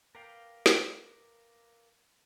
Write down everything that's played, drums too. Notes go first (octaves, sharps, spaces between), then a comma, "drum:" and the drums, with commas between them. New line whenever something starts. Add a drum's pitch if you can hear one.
A#4 B4 D5 F5 G5
drum: snare